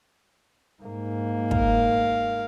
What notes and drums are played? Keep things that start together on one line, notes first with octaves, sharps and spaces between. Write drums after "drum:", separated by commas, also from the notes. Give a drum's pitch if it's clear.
G#2 A#3
A#4 F5, drum: kick